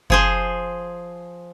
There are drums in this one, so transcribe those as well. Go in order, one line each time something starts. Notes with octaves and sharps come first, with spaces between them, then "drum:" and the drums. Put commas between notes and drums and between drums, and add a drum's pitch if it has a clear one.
F3 G#4 C5, drum: kick F#1